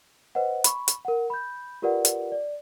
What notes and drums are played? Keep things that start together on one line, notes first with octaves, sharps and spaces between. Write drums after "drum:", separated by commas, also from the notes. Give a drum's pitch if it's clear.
B4 C5 D#5 F#5
B5 C#6, drum: hi-hat
drum: hi-hat
A#4 F#5
B5 G6
F4 G4 A#4 B4 D5 F#5
drum: hi-hat
D5